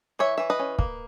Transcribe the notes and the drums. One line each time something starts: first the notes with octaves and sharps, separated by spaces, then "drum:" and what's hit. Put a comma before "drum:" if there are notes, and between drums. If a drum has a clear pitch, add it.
E3 C#5 E5
E3 E5
B4 D#5
C#4
A#3, drum: kick